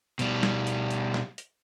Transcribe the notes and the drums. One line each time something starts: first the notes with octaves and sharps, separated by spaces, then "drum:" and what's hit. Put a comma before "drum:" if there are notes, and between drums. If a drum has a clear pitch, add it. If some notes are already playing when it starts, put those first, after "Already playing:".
B2 G3, drum: hi-hat
drum: snare
drum: hi-hat
drum: hi-hat
drum: snare
drum: hi-hat